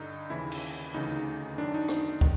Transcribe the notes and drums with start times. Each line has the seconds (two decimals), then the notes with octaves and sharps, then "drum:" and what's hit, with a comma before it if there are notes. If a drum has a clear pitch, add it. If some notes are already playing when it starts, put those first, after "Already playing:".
Already playing: G2 D3 D#4
0.30 D#2 C#3 E3 E4
0.52 drum: cymbal
0.94 D2 C#3 E3 D#4
1.58 F#2 D#3 D4
1.74 D#4
1.88 drum: rim click
2.21 D#3, drum: kick